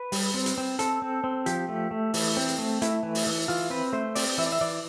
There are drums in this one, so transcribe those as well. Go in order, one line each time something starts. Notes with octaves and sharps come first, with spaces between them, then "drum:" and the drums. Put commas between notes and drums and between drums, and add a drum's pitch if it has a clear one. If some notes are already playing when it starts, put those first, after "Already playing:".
Already playing: B4
G3, drum: open hi-hat
C4
drum: hi-hat
C4
C4 A4, drum: hi-hat
C4
C4
F3 G4, drum: hi-hat
A3
A3
E3, drum: open hi-hat
C4
drum: hi-hat
A3
A3 E4, drum: hi-hat
E3
drum: open hi-hat
E3
E3 F4
C4 B4
A3 C5
C4 D5, drum: open hi-hat
E3 E5
D5
E5
E3 D5